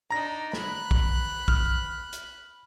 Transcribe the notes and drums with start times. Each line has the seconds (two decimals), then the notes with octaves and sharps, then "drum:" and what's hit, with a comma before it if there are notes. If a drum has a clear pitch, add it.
0.10 D4 D#4 A#5 A#6
0.53 B5 F#6, drum: snare
0.91 drum: kick
1.48 F6, drum: kick
2.13 drum: hi-hat